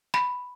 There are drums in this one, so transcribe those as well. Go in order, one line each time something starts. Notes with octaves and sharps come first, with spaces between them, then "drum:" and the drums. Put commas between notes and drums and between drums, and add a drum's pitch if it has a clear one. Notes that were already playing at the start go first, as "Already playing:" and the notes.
B5, drum: snare